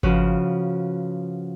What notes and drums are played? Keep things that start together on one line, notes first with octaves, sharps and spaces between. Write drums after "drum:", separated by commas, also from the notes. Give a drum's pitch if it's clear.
C#3 F3 F#4 B4, drum: kick G#1